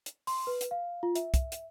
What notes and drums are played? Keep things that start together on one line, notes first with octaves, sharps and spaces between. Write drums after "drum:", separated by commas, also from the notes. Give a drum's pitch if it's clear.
drum: hi-hat
C6, drum: open hi-hat
B4
drum: hi-hat
F5
F4
E5, drum: hi-hat
drum: kick, hi-hat
drum: hi-hat